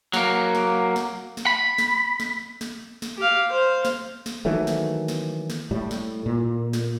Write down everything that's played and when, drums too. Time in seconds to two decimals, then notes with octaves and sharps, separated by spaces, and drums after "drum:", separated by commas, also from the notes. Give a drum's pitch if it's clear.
0.13 F#3 A#3, drum: snare
0.55 drum: snare
0.96 drum: snare
1.37 drum: snare
1.47 B5
1.78 drum: snare
2.20 drum: snare
2.61 drum: snare
3.02 drum: snare
3.17 G4 F5
3.50 C5 F5
3.85 drum: snare
4.26 drum: snare
4.45 D#3 E3 F#3 A3
4.67 drum: snare
5.08 drum: snare
5.50 drum: snare
5.71 A2 G3
5.91 drum: snare
6.26 A#2
6.73 drum: snare